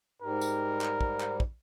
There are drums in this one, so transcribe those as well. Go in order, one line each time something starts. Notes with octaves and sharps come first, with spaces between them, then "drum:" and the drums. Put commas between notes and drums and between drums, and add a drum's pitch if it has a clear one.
G#2 G3 A#4
drum: tambourine
drum: clap
drum: kick
drum: clap
drum: kick